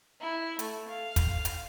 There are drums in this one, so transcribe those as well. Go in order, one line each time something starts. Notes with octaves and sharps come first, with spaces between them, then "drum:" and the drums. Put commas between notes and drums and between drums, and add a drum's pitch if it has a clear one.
E4
A3, drum: hi-hat
F5
drum: kick, hi-hat
drum: hi-hat